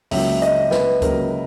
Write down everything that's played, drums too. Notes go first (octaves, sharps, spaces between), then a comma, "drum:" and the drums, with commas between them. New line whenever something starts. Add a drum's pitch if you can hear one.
C#2 C#3 F#3 A#3 E5, drum: open hi-hat
D#5, drum: hi-hat
B4, drum: snare
C#2 C#3 F#3 A#3 A#4, drum: kick C#2, hi-hat